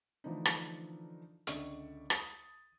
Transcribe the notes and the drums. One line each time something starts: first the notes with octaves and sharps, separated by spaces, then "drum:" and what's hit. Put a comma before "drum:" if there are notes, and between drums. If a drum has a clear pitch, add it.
D3 E3 F3 A3 D4 D#4
drum: rim click
C#2 D3 D5 E5 C#6, drum: hi-hat
D#6 A6, drum: rim click